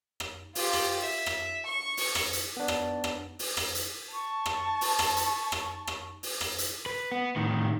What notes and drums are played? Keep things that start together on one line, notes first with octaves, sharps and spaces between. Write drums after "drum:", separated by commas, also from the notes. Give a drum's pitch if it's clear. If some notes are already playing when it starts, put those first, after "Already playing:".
drum: rim click
F4 G4, drum: open hi-hat
drum: rim click
E5
drum: rim click
C#6
drum: open hi-hat
drum: rim click
drum: hi-hat
B3 D4
drum: rim click
drum: rim click
drum: open hi-hat
drum: rim click
drum: hi-hat
A5 C#6
drum: rim click
drum: open hi-hat
drum: rim click
drum: hi-hat
drum: rim click
drum: rim click
drum: open hi-hat
drum: rim click
drum: hi-hat
B4
B3
A2 D#3